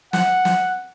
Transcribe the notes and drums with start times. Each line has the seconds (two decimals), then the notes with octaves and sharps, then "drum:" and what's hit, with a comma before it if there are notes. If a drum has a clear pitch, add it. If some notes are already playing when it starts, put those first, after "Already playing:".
0.13 F#5, drum: snare
0.45 drum: snare